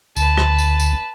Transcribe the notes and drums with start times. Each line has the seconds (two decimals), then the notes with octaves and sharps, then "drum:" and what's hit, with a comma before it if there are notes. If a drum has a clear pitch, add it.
0.16 D2 B4 A5, drum: tambourine
0.37 drum: rim click
0.58 drum: tambourine
0.79 drum: tambourine